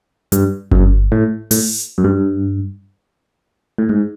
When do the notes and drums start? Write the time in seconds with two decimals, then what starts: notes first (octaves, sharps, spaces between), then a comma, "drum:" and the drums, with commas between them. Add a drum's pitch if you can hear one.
0.32 G2, drum: hi-hat
0.71 F#2, drum: kick G1
1.12 A2
1.51 A2, drum: open hi-hat
1.98 F#2
2.04 G2
3.78 A2
3.89 G#2